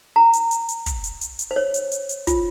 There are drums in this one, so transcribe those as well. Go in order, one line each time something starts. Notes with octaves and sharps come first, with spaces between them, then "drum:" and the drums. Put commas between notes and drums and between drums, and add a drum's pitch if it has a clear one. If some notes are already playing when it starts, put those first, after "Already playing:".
A#5
drum: hi-hat
drum: hi-hat
drum: hi-hat
drum: kick, hi-hat
drum: hi-hat
drum: hi-hat
drum: hi-hat
C5
C#5
drum: hi-hat
drum: hi-hat
drum: hi-hat
F4, drum: kick, hi-hat